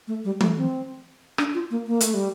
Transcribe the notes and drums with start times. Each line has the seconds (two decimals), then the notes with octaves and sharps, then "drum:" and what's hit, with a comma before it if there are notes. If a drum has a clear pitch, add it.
0.08 A3
0.25 G3
0.41 A3, drum: tom
0.57 C4
1.38 D4, drum: rim click
1.54 F4
1.71 A#3
1.87 A#3
2.01 A3, drum: hi-hat
2.14 G3